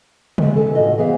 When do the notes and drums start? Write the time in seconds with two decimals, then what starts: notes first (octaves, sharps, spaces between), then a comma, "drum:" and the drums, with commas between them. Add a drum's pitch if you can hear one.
0.38 G#3 A3, drum: tom
0.56 C#4 A4
0.75 A2 C3 F4 F#4 D#5
0.98 E3 B3 G#4 C5 F5